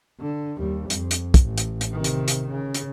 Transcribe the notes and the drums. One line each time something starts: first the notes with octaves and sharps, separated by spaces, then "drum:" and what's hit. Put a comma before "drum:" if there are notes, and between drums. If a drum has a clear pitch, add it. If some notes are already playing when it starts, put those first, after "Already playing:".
D3
D#2 G3
F2, drum: hi-hat
drum: hi-hat
drum: kick, hi-hat
A1
drum: hi-hat
drum: hi-hat
C3 D#3
drum: hi-hat
drum: hi-hat
C#3
drum: hi-hat